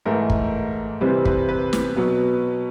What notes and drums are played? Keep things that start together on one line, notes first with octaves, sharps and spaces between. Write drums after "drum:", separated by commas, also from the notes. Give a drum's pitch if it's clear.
G#2 E3 A3 A#4
drum: kick
C3 E3 G3 C4 B4
B4, drum: kick
B4
drum: snare
B2 F#3 B3